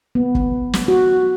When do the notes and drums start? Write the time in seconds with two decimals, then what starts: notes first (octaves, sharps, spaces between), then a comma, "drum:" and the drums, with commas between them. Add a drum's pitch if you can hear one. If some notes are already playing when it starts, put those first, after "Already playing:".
0.15 B3
0.35 drum: kick
0.73 drum: snare
0.88 F#4